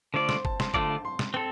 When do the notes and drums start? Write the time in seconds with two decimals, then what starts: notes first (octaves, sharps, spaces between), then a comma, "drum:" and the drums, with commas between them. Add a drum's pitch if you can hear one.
0.14 D3 A3 F4 C5 D5
0.29 C6, drum: snare
0.45 A5, drum: kick G1
0.60 C6, drum: snare
0.74 D3 A3 F4 D5 A5, drum: kick G1
1.05 C6
1.19 drum: snare
1.34 C4 A4